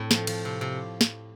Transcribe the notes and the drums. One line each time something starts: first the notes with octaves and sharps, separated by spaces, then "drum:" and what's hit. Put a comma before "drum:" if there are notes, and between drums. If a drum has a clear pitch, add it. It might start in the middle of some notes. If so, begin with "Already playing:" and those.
Already playing: A2 C4
F3, drum: snare
F3, drum: cymbal
C3
C3
drum: snare